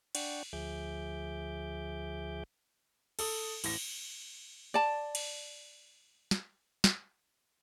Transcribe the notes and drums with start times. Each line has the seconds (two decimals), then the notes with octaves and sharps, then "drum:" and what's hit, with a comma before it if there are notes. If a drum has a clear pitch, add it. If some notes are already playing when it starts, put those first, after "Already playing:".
0.15 D4 D5 F#5 G5 C#6, drum: cymbal
0.53 D2 F3 G#4 E5 D6 G6
3.19 A4 D#6, drum: cymbal
3.64 A1 A#6, drum: cymbal
4.74 D5 A5
5.15 drum: cymbal
6.31 drum: snare
6.84 drum: snare